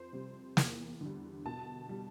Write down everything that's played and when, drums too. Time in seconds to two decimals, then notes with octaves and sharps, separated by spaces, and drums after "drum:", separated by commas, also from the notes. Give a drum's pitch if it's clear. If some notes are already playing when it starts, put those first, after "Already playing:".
Already playing: F2 C5
0.13 C3 G3
0.57 E2, drum: snare
1.01 D3 G3
1.46 B2 A5
1.89 G3